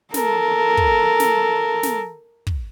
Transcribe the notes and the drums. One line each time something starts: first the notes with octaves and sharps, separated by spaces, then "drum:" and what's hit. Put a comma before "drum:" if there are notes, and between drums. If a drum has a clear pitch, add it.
A4 A#4, drum: snare
drum: kick
drum: snare
drum: snare
drum: kick